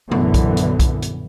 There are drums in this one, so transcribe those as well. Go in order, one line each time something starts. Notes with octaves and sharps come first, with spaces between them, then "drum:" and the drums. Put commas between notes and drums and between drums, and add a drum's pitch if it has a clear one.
A#1 F#2 D3 E3 B3, drum: tom
drum: kick B1, hi-hat
drum: hi-hat
drum: kick B1, hi-hat
drum: hi-hat